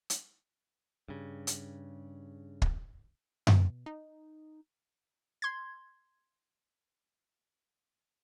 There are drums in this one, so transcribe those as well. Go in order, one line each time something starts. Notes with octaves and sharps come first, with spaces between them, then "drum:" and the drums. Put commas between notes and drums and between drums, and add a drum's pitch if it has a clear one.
drum: hi-hat
G2 C#3
drum: hi-hat
drum: kick
B2, drum: tom F#2
D#4
C6 G#6